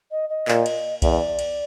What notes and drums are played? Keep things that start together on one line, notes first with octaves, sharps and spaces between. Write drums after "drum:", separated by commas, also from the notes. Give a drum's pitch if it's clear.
D#5
D#5
A#2, drum: clap
drum: cymbal
E2 D5, drum: kick B1, cymbal
drum: cymbal